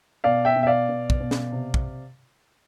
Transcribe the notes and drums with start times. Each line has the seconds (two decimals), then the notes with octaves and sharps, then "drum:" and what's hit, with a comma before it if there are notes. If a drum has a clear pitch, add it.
0.24 B2 D5 F5
0.45 E5 G5
0.56 B2
0.63 E5
0.67 D5 F5
0.89 B2
1.10 drum: kick
1.20 B2
1.31 drum: snare
1.52 C3
1.74 drum: kick